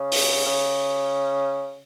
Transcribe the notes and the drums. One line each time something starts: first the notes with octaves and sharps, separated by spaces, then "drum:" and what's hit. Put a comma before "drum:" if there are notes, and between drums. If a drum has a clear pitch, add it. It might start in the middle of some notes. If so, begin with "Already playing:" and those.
Already playing: C#3
drum: open hi-hat
C#3